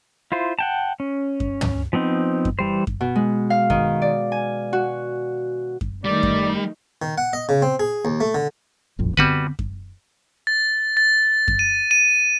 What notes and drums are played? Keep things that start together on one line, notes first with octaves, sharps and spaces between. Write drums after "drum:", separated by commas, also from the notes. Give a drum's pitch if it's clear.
E4 F4 C5
F#5 G5 A5
C#4
drum: kick F#2
drum: tom
F3 B3 C4 D#4
drum: kick F#2
E3 G3 C5
drum: kick F#2
B2
G#3
F5
D#3, drum: kick F#2
D5
G#5
F#4
drum: kick F#2
D#3 G3 A3 D#4 D5
drum: kick F#2
D#3
F#5
D#5
C#3
C4
G#4
D#2
A3
D3
D#1 A1 F2
D3 G3 B3 C4 F#4 B4, drum: kick F#2
drum: kick F#2
A6
A6
drum: kick F#2
D#7
D#7